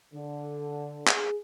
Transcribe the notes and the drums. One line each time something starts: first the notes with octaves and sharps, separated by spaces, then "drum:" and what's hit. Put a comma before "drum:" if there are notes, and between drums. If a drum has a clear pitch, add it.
D3
G#4, drum: clap